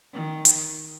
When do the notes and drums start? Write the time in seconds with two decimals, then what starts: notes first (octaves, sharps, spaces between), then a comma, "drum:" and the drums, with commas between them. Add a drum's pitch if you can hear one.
0.13 D#3
0.45 drum: hi-hat